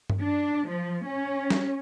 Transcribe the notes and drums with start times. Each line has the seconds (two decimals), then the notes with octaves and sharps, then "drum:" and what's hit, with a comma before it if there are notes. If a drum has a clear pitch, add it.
0.10 drum: tom G2
0.21 D4
0.68 F3
1.05 C#4
1.50 drum: snare